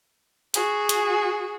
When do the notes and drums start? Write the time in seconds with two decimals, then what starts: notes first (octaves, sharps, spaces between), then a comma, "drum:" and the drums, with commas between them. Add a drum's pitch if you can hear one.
0.54 F#4 G#4, drum: hi-hat
0.89 drum: hi-hat